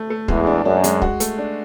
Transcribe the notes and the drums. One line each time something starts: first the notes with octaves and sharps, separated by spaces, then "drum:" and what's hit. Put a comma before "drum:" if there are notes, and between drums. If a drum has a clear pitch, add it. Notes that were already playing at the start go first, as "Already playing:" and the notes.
Already playing: A3
A3
E2 G#3, drum: kick
D4
F#2 D4
G#3, drum: hi-hat
F#4, drum: kick
A3, drum: hi-hat
D4